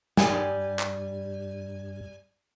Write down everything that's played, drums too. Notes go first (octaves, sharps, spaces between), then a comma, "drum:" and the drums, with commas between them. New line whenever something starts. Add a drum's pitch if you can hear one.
G2 G3 G#5, drum: snare
drum: clap